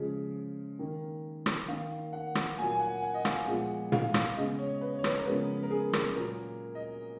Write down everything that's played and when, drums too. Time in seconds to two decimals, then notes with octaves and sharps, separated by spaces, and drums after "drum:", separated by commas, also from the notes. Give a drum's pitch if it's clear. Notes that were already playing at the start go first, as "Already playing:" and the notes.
Already playing: C#3 F3 G#3
0.79 D#3 A#3
1.46 drum: rim click
1.68 D#3 A#3 F5
2.13 F#5
2.35 drum: rim click
2.58 A#2 F#3 A#3 G#5
2.71 G#5
2.80 F#5
3.02 F#5
3.14 D#5
3.25 F5, drum: rim click
3.47 A#2 F3 G#3 B3 F#5
3.92 F5, drum: tom
4.14 drum: rim click
4.36 C#3 G#3 B3 D#5
4.58 C#5
4.81 B4
4.99 C#5
5.04 B4, drum: rim click
5.18 A#4
5.26 C#3 F3 G#3 B3 B4
5.63 A#4
5.71 G#4
5.93 A#4, drum: rim click
6.15 A#2 F#3 A#3 A#4
6.75 D#5